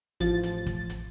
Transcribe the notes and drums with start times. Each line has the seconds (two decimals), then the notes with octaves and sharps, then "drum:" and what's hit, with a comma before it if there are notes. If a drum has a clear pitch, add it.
0.20 A1 F3 A6, drum: hi-hat
0.43 drum: hi-hat
0.66 drum: kick, hi-hat
0.90 drum: hi-hat